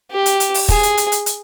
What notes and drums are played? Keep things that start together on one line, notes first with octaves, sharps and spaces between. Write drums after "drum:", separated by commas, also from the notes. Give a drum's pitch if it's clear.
G4
drum: hi-hat
drum: hi-hat
drum: open hi-hat
G#4, drum: kick, hi-hat
drum: hi-hat
drum: hi-hat
drum: hi-hat
drum: hi-hat